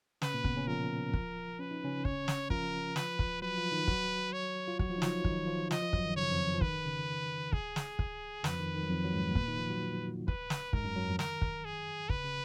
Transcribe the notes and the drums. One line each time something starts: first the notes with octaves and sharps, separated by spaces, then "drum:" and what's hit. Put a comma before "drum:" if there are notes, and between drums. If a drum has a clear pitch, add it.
C#3 C#4 B4, drum: snare
A#2 A#3
B2 B3, drum: kick
C#3 C#4
F3 F4 A#4
drum: kick
C#4 B4
D#4
C#3 C#4
C#5, drum: kick
drum: snare
F3 F4 A#4, drum: kick
B4, drum: snare
drum: kick
F#3 F#4 B4
F3 F4
D#3 D#4
F#3 F#4, drum: kick
C#5
F4
F#3 F#4 C#5, drum: kick
F3 F4
D#4
F3 F4, drum: snare
D#3 D#4, drum: kick
F3 F4
D#4
F3 F4 D#5, drum: snare
F3 F4
F#2 F#3, drum: kick
D#3
C#3 C#5
F2 F3
D#3
F3
D#3 B4, drum: kick
C#3
G#4, drum: kick
drum: snare
drum: kick
F2 F3 B4, drum: snare
D#3
D#3
F#3
F2 F3
F#3
G#2 G#3
B3
A#2 A#3, drum: kick
D#3 D#4
F3 F4
F#3 F#4
B4, drum: kick
drum: snare
G#2 G#3 A#4, drum: kick
F#2 F#3
F#2 F#3
F2 F3
D#3 A#4, drum: snare
drum: kick
G#4
C#3 B4, drum: kick
C#3